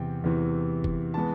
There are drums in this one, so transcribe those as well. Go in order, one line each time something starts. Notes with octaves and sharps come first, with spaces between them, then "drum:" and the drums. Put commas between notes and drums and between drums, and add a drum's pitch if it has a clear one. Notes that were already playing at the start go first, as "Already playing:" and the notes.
Already playing: E2 C3 E3 G5
E2 C3 E3
drum: kick
E3 G#3 B3 A5